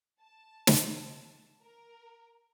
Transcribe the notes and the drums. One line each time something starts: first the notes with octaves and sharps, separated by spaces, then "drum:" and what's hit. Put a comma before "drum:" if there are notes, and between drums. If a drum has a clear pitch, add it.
A5
drum: snare
A#4